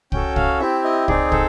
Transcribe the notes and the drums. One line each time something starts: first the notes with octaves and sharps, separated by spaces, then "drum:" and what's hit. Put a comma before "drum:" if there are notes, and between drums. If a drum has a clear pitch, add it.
C#4 F#4 A4 G5, drum: kick
F5, drum: kick
C4 E4 G4 E5
D#5
C4 D#4 G#4 D5, drum: kick
A4, drum: kick